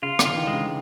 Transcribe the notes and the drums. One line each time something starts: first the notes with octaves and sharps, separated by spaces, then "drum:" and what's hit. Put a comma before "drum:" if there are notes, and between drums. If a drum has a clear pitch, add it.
C#3 F4
D3, drum: rim click
E3 F4
D#3
D3 G#3
C#3